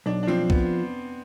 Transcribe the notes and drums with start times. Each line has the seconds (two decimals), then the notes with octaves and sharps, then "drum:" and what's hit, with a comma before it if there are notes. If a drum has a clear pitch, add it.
0.06 B1 D4
0.23 D4
0.27 F3 C4
0.50 B3, drum: kick